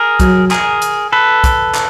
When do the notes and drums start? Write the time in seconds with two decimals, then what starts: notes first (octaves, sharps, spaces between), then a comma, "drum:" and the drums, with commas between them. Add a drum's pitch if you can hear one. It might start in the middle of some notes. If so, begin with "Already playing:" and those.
Already playing: G#4 A#4
0.20 F#3, drum: kick, hi-hat
0.51 G#4 A#4, drum: clap
0.82 drum: hi-hat
1.12 A4 B4
1.44 drum: kick, hi-hat
1.75 drum: clap